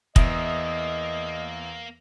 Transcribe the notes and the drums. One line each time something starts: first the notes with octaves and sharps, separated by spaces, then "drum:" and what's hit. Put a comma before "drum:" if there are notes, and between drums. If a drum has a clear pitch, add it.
E2 A#3 D#5 E5 D#6, drum: kick